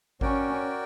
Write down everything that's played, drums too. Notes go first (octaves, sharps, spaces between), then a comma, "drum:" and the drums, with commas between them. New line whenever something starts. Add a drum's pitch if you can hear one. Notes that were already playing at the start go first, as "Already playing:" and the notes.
C#4 F#4 A#4 D5 G5, drum: kick G#1